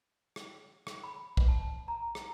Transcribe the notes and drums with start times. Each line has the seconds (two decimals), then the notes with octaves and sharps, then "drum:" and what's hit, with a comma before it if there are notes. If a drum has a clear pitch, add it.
0.36 drum: rim click
0.87 drum: rim click
1.04 B5
1.37 drum: kick B1
1.48 A5
1.88 A#5
2.15 A#5, drum: rim click